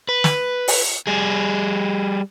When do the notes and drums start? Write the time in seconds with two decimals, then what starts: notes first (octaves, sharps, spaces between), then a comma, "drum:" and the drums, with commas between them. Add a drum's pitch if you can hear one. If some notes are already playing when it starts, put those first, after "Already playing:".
0.09 B4
0.24 drum: snare
0.68 drum: open hi-hat
1.07 G3 G#4